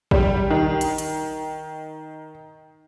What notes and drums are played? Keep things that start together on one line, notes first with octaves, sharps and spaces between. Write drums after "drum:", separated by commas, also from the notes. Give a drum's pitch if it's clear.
G3, drum: kick
D#3
drum: hi-hat
drum: hi-hat